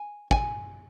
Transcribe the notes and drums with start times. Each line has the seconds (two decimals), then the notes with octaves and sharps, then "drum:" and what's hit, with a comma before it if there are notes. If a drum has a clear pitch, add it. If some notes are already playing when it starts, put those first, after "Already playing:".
Already playing: G#5
0.31 G#5, drum: kick